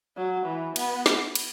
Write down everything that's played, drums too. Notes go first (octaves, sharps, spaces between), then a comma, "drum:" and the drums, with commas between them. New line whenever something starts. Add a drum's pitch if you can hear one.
F#3
E3
B3, drum: cymbal
drum: snare
drum: cymbal